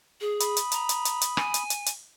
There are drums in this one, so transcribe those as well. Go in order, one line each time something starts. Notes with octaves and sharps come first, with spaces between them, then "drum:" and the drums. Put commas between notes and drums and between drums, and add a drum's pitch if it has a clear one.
G#4
B5 D#6, drum: hi-hat
drum: hi-hat
A#5, drum: hi-hat
drum: hi-hat
drum: hi-hat
drum: hi-hat
G#5, drum: rim click
drum: hi-hat
drum: hi-hat
drum: hi-hat